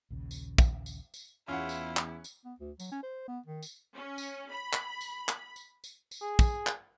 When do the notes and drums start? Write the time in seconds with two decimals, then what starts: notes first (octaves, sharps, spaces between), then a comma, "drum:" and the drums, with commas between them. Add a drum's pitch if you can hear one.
0.10 A#1 D#2 C#3
0.31 drum: tambourine
0.58 drum: kick, tambourine
0.86 drum: tambourine
1.14 drum: tambourine
1.48 E2 C#4 E4 F4 F#5
1.69 drum: tambourine
1.97 drum: clap
2.24 drum: tambourine
2.45 B3
2.59 D2
2.80 F#3, drum: tambourine
2.92 C#4
3.03 C5
3.28 B3
3.46 D#3
3.63 drum: tambourine
3.94 C#4
4.18 drum: tambourine
4.51 B5
4.73 drum: clap
5.01 drum: tambourine
5.28 drum: clap
5.56 drum: tambourine
5.84 drum: tambourine
6.11 drum: tambourine
6.22 G#4
6.39 drum: kick, tambourine
6.67 drum: clap